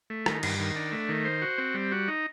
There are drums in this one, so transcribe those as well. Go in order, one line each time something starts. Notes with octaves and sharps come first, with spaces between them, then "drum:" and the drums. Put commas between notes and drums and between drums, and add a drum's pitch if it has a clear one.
A3
D#3, drum: rim click
G2, drum: cymbal
D#3
D4
A3
D#3
C5
F#4
C4
G3
F#4
D#4